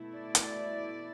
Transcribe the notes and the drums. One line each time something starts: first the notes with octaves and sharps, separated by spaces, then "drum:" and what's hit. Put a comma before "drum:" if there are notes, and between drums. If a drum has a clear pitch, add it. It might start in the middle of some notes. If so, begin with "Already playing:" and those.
Already playing: B2 A3 E4
D5
drum: hi-hat